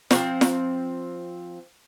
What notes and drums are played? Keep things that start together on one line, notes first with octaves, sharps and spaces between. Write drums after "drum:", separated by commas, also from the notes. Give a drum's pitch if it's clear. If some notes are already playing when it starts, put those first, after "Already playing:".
F3 A#3 C4, drum: snare
drum: snare